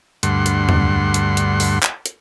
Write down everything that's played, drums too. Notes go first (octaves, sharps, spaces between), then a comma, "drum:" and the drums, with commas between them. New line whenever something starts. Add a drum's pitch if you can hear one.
D2 G2 F#5 C6, drum: hi-hat
drum: hi-hat
drum: tom E2
drum: hi-hat
drum: hi-hat
drum: open hi-hat
drum: clap
drum: hi-hat